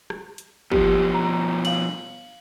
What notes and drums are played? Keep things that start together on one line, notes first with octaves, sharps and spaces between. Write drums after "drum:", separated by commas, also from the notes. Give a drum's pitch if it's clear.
drum: rim click
drum: hi-hat
B2 F3 G4, drum: kick
A#5
F5 F#7, drum: cymbal